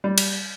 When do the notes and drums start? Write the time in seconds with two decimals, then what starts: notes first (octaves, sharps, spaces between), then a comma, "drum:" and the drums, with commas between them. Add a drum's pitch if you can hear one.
0.04 G3
0.18 drum: cymbal